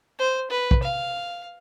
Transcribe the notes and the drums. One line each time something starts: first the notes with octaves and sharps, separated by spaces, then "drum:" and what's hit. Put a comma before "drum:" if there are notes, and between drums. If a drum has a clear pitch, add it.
C5
B4
drum: kick
F5